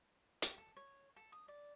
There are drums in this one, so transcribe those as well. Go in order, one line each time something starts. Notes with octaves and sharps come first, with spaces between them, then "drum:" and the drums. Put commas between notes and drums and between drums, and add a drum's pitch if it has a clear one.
G4, drum: hi-hat
A4
C#5
A4
D#6
D5